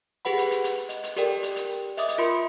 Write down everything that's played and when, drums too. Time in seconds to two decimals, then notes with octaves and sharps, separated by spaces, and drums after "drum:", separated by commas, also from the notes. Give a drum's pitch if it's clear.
0.25 G4 G#4 B4 F#5 B5
0.38 drum: hi-hat
0.51 drum: hi-hat
0.64 drum: hi-hat
0.89 D#5, drum: hi-hat
1.03 drum: hi-hat
1.16 G4 A4 A#4 D5 G5, drum: hi-hat
1.43 drum: hi-hat
1.56 drum: hi-hat
1.97 D#5 E5 D6 D#6, drum: hi-hat
2.08 drum: hi-hat
2.18 F4 A#4 B5 C6 C#7